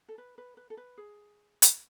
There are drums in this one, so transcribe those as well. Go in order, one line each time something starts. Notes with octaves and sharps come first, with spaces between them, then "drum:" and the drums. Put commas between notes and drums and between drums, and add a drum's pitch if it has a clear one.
A4
B4
B4
B4
A4
B4
G#4
drum: hi-hat